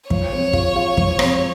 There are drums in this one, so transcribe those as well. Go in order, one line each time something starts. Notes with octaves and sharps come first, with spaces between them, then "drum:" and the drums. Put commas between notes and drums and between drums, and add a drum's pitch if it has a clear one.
F3 C#5, drum: kick
C4
F4, drum: kick
F4
F3, drum: kick
C4, drum: rim click